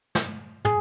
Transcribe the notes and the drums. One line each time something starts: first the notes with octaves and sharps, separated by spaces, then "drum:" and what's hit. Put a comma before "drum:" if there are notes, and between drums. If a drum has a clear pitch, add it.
drum: snare
G#4, drum: tom